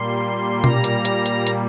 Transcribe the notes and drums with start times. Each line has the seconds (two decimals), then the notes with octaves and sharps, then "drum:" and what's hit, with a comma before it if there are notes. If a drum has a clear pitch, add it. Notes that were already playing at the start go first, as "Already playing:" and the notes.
Already playing: A#2 G3 A#3 C6
0.64 A#5, drum: tom B2
0.84 drum: hi-hat
1.05 drum: hi-hat
1.26 drum: hi-hat
1.47 drum: hi-hat